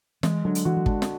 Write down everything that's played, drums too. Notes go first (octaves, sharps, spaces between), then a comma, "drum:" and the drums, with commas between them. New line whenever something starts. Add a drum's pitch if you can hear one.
E3 G#3, drum: snare
D3 F#3
drum: hi-hat
E3 F#4
F#3
G#3 D4, drum: kick
drum: snare